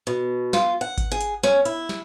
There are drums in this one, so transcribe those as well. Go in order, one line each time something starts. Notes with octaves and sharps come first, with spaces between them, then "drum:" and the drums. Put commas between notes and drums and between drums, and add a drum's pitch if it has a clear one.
B2
F4, drum: snare
F#5
drum: kick G#1, hi-hat
G#4
drum: hi-hat
C#4, drum: snare
E4, drum: hi-hat
drum: snare